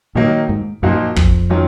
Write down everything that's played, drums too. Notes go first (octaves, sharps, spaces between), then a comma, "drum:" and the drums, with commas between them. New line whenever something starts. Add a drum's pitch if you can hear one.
A#2 D#3 F#3 A#3 D#4
G#2
F#2 A#2 F3 A#3 D#4 F#4
F2, drum: kick
D#3 F#3 C#4 F4